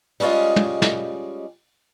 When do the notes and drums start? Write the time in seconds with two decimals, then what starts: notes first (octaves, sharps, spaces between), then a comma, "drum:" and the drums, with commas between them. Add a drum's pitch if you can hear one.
0.20 G3 G#3 C#4 F4 D#5, drum: open hi-hat
0.56 drum: tom
0.82 drum: snare